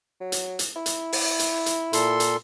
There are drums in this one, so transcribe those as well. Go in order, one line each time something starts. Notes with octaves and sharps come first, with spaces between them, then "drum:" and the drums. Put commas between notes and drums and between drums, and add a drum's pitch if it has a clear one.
F#3
drum: hi-hat
drum: hi-hat
E4
drum: hi-hat
drum: open hi-hat
drum: hi-hat
drum: hi-hat
A#2 A4 C6, drum: hi-hat
drum: hi-hat